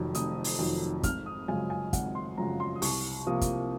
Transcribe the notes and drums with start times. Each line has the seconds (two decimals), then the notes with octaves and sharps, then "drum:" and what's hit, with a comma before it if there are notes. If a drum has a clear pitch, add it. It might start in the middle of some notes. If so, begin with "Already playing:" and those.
Already playing: F1 F2 D#3 F#3
0.15 F1 D#6, drum: hi-hat
0.44 drum: open hi-hat
0.59 F2 D#3 F#3
1.03 G#1 F6, drum: kick, hi-hat
1.26 D#6
1.48 F#2 C#3 F3 G#3 G#5
1.70 G#5
1.93 G#1 F#5, drum: kick, hi-hat
2.15 C6
2.38 F#2 C#3 F3 G#3 A#5
2.60 C6
2.76 D#6
2.82 C2 C#6, drum: open hi-hat
3.27 C3 F3 A#3 D#6
3.41 drum: kick, hi-hat